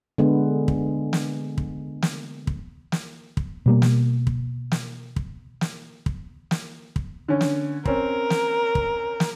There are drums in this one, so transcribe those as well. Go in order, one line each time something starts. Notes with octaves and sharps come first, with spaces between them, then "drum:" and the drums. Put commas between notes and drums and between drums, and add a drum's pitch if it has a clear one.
D3 G#3 B3
drum: kick
drum: snare
drum: kick
drum: snare
drum: kick
drum: snare
drum: kick
B2 G3 A#3
drum: snare
drum: kick
drum: snare
drum: kick
drum: snare
drum: kick
drum: snare
drum: kick
D3 C#4
drum: snare
C4 C#4 A#4, drum: kick
drum: snare
drum: kick
drum: snare